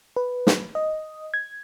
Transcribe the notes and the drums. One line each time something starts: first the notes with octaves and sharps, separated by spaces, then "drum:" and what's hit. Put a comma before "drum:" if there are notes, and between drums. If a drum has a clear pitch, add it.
B4
drum: snare
D#5
G#6